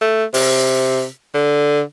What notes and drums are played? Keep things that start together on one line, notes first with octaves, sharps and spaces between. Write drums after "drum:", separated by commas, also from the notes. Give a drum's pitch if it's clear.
A3
C3, drum: open hi-hat
D3